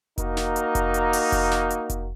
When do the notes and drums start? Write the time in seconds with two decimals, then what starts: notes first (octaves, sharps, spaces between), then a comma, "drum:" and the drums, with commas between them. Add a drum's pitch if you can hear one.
0.18 A#3 D#4 F#4 A#4, drum: kick F1, hi-hat
0.37 drum: snare
0.56 drum: hi-hat
0.75 drum: kick F1, hi-hat
0.94 drum: hi-hat
1.13 drum: open hi-hat
1.32 drum: kick F1, hi-hat
1.51 drum: snare
1.70 drum: hi-hat
1.90 drum: kick F1, hi-hat